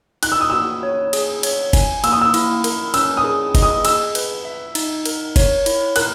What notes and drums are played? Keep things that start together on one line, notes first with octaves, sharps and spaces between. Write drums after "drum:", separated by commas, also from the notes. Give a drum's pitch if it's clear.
D#4 F#6, drum: cymbal
E6
D#6
F#4 E6
C#5
G#4, drum: cymbal
C#5, drum: cymbal
G#5, drum: kick F#1, cymbal
A#3 E6, drum: cymbal
D#6
E6
E4, drum: cymbal
A#4, drum: cymbal
C#4 E6, drum: cymbal
D#6
G#4
D#5, drum: kick F#1, cymbal
D#6
G#4 E6, drum: cymbal
B4, drum: cymbal
E5
D#4, drum: cymbal
A#4, drum: cymbal
C#5, drum: kick F#1, cymbal
E4, drum: cymbal
A#4 F#6, drum: cymbal